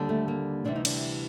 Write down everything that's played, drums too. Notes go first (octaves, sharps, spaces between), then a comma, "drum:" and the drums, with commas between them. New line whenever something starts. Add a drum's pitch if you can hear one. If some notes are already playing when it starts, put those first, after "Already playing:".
Already playing: D#2 D3 G3
A3
A#3
D2 C3 E3 G3 D4
D#4
D4, drum: cymbal